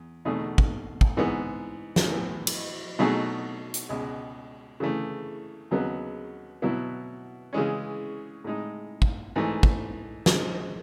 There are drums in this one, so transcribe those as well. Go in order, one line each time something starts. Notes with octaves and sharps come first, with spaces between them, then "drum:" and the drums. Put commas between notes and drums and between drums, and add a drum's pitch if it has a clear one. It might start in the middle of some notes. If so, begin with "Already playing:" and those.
Already playing: E2
E2 B2 A3 D#4 G#4
drum: kick
drum: kick
G#2 E3 B3
drum: snare
A2 E3 B3
drum: cymbal
B2 F#3 A3 D#4 G#4
drum: hi-hat
C#2 B2 G#3
C#3 E3 A3
D#2 C#3 F#3 B3
B2 F#3 B3 E4
C#3 E3 G#3 C#4
A2 G#3 D#4
drum: kick
G#2 E3 A3
drum: kick
D#2 C#3 G#3, drum: snare